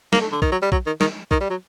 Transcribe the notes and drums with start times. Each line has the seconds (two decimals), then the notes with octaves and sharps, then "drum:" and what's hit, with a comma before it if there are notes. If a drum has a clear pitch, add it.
0.13 A#3, drum: snare
0.22 A3
0.32 D3
0.42 D#3, drum: kick
0.52 F#3
0.62 G3
0.72 F#3, drum: kick
0.86 D#3
1.01 D#3, drum: snare
1.31 D#3, drum: kick
1.41 G3
1.50 F#3